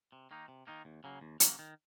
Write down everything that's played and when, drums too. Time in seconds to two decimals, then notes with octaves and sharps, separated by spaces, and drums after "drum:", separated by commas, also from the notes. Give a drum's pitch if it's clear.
0.12 C3
0.31 D#3 A#3 D#4
0.48 C3
0.67 D#3 A#3 D#4
0.85 D#2
1.04 C#3 F#3 A#3
1.21 D#2
1.40 C#3 F#3 A#3, drum: hi-hat
1.59 D#3